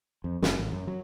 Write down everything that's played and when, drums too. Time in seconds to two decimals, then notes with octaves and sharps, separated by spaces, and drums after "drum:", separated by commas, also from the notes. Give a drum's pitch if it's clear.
0.24 F2
0.42 F#1, drum: snare
0.58 A1
0.72 F#2
0.87 F#3